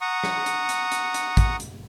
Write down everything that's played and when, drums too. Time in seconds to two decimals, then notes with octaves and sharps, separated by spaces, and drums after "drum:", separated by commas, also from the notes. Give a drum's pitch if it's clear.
0.01 F#5 A#5 C#6 D#6
0.23 drum: rim click
0.46 drum: hi-hat
0.69 drum: hi-hat
0.92 drum: hi-hat
1.14 drum: hi-hat
1.37 drum: kick A1, hi-hat
1.60 drum: hi-hat